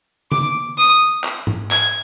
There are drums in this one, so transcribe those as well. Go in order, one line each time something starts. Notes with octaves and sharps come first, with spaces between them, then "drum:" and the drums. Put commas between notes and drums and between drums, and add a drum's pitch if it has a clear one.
D6, drum: tom C#3
D#6
drum: clap
drum: tom G#2
G#6, drum: clap